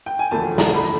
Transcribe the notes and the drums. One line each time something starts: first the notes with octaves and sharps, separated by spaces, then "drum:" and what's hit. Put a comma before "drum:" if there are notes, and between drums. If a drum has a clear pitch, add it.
G5
G#5
E1 D2 D3 F3 A3 A5
A#5, drum: snare
B5
A#5